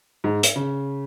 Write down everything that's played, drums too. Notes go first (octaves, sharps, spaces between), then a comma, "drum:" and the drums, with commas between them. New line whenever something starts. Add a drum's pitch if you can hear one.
G#2
drum: hi-hat
C#3